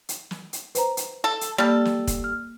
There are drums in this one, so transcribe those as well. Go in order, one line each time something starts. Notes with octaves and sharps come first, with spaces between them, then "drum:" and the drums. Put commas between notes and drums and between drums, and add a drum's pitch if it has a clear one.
drum: hi-hat
drum: snare
drum: hi-hat
B4 C5 A#5, drum: hi-hat
drum: hi-hat
A4
drum: hi-hat
G3 A#3 A4
drum: snare
drum: kick, hi-hat
F6